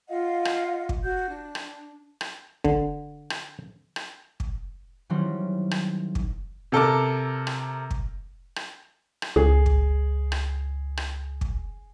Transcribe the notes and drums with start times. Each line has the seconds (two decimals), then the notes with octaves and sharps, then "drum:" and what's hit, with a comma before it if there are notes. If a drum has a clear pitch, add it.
0.08 F4 D#5 F5 F#5
0.45 drum: rim click
0.89 drum: kick
1.03 F#4 F#5 G6
1.29 D4
1.55 drum: rim click
2.21 drum: rim click
2.64 D3, drum: kick
3.30 drum: rim click
3.96 drum: rim click
4.40 drum: kick
5.10 D#3 E3 F#3 G3 C4 C#4
5.71 drum: rim click
6.15 drum: kick
6.72 C3 A4 A#4 D6
7.47 drum: rim click
7.91 drum: kick
8.56 drum: rim click
9.22 drum: rim click
9.36 C#2 G#4
9.66 drum: kick
10.32 drum: rim click
10.97 drum: rim click
11.41 drum: kick